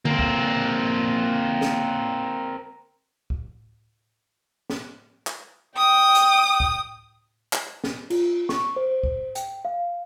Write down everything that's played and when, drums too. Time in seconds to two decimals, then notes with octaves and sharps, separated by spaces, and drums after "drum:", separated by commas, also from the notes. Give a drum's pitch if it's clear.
0.05 A#3 C4, drum: tom D3
0.19 drum: kick
1.61 drum: snare
3.30 drum: kick
4.70 drum: snare
5.27 drum: clap
5.77 G5 D#6
6.15 drum: hi-hat
6.60 drum: kick
7.53 drum: clap
7.84 drum: snare
8.10 F4, drum: cymbal
8.49 C#6, drum: snare
8.76 C5
9.04 drum: kick
9.35 G5, drum: hi-hat
9.65 F5